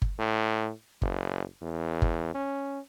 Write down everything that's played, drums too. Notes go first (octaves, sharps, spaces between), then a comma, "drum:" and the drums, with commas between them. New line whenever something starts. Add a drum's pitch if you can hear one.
drum: kick G1
A2
F#1, drum: kick G1
E2
drum: kick G1
C#4